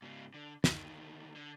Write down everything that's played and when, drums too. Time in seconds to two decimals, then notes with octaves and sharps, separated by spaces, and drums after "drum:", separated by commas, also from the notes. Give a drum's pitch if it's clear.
0.02 G#2 C#3
0.34 D3
0.64 D2 D#3, drum: snare
1.35 D3